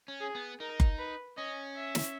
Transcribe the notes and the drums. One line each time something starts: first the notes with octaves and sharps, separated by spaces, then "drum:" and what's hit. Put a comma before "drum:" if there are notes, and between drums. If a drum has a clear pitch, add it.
C#4
G#4
B3
D#4 A#4
drum: kick F#1
B4
C#4 D#5
E5
drum: snare